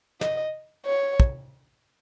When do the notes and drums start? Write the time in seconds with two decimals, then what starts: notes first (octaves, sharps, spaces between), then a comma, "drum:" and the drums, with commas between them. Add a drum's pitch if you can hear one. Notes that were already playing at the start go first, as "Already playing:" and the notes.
0.21 D#5, drum: snare
0.86 C#5
1.20 drum: kick